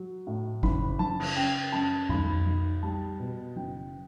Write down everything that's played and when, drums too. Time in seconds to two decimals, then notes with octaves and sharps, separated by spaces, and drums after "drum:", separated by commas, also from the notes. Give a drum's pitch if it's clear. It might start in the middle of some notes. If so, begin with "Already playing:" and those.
Already playing: F#3
0.27 A2
0.63 F#1 B5, drum: kick G#1
0.99 F#1 A5
1.19 drum: cymbal
1.36 C#3 G5
1.72 F#2 A5
2.09 B1 B5, drum: tom F2
2.46 B1
2.83 G3 A5
3.20 B2
3.56 F#1 G5